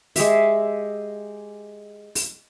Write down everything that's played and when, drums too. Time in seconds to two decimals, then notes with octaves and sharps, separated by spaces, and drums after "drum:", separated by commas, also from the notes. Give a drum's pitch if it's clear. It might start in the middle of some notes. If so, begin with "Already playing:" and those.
0.16 G#3 G4 E5, drum: open hi-hat
2.15 drum: open hi-hat